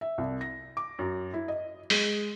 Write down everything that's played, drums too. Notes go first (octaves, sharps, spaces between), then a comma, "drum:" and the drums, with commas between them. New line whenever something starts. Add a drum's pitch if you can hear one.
E5
C2
A#6
D6
F#2
E4
D#5
G#3, drum: open hi-hat